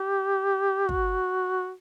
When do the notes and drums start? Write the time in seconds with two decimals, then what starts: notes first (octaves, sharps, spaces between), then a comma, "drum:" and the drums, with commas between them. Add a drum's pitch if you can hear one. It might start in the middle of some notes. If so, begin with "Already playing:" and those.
Already playing: G4
0.89 F#4, drum: kick